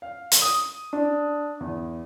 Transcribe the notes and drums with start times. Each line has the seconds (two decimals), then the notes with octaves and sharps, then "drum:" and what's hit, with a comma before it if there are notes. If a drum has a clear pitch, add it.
0.02 F5
0.32 drum: hi-hat
0.42 D#6
0.93 D4
1.60 E2